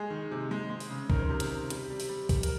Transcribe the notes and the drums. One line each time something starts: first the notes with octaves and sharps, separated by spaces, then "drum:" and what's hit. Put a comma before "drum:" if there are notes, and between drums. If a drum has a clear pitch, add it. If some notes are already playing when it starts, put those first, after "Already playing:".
Already playing: G#3 G#4
D#3
C3
G#3
G#3
drum: open hi-hat
C#3
D#3 A#4, drum: kick
C5
C3 A#4
drum: hi-hat
C3
G3, drum: hi-hat
G3
drum: open hi-hat
G3
G3, drum: kick, open hi-hat
A#4, drum: hi-hat